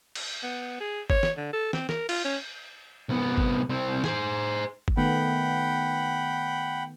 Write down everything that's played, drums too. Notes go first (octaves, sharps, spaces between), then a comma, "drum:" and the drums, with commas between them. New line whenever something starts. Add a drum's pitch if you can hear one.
drum: cymbal
B3
G#4
C#5, drum: kick G1
drum: snare
D3
A4
C4, drum: snare
A#4, drum: snare
F4, drum: cymbal
C#4
C2 B3
drum: kick G1
C2 C4
G#4 C5, drum: snare
drum: kick G1
D#3 A3 B3 F#5 G5 B5